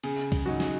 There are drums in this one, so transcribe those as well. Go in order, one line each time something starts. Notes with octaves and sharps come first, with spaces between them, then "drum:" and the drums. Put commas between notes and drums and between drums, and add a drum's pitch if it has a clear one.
C#3 G#4, drum: cymbal
drum: kick C2, cymbal
F#3 D#4 F#4
drum: snare